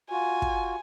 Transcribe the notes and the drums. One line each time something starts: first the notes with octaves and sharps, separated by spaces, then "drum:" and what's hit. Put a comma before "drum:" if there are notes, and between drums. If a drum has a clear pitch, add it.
F4 F#4 G#5
drum: kick